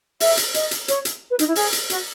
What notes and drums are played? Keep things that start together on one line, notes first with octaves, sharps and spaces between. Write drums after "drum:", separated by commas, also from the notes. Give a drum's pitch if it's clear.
E5, drum: open hi-hat
drum: hi-hat
D#5, drum: hi-hat
drum: hi-hat
C#5, drum: hi-hat
drum: hi-hat
B4
D#4, drum: hi-hat
E4
G#4, drum: open hi-hat
drum: hi-hat
F#4, drum: hi-hat